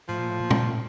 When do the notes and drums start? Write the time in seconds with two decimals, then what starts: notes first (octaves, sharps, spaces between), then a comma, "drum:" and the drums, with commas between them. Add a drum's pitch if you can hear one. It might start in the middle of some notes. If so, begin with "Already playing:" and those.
0.08 A2 F3
0.19 A#2
0.30 A2
0.40 A#2
0.51 A2, drum: tom
0.60 A#2
0.70 A2